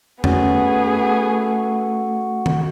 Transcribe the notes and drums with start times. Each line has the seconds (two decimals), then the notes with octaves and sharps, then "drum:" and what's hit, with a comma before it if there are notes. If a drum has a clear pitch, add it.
0.24 A3 B3 C#4 F#4 G#4, drum: tom F2
2.46 drum: tom D#3